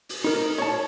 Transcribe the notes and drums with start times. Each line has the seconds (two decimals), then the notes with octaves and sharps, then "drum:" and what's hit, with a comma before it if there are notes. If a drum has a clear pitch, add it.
0.09 drum: open hi-hat
0.24 D#4 A#4
0.58 C#5 A5